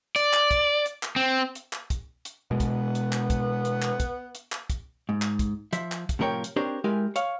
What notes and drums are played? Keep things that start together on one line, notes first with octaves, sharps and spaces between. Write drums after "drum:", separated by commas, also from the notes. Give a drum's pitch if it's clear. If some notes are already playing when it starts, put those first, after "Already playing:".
D5, drum: hi-hat
drum: clap
drum: kick, hi-hat
drum: hi-hat
drum: clap
C4
drum: hi-hat
drum: clap
drum: kick, hi-hat
drum: hi-hat
B2 G#3 B3
drum: kick, hi-hat
drum: hi-hat
drum: clap
drum: kick, hi-hat
drum: hi-hat
drum: clap
drum: kick, hi-hat
drum: hi-hat
drum: clap
drum: kick, hi-hat
G#2
drum: clap
drum: kick, hi-hat
F3 E5, drum: hi-hat
drum: clap
drum: kick, hi-hat
A2 C3 F3 A#4 C#5 G5
drum: hi-hat
C4 D4 G4 A#4 C5 C#5
G#3 E4 G4 A#4 G#5
C#5 F5, drum: hi-hat